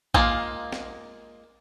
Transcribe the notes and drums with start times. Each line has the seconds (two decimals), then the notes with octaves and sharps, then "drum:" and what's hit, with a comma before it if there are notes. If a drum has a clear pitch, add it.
0.14 G#3 A#3 F4, drum: kick A#1
0.72 drum: snare